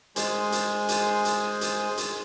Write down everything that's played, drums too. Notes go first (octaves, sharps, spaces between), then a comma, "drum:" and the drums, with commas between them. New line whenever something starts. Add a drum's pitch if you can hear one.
G#3 C5 G#5, drum: hi-hat
drum: hi-hat
drum: hi-hat
drum: hi-hat
drum: hi-hat
drum: hi-hat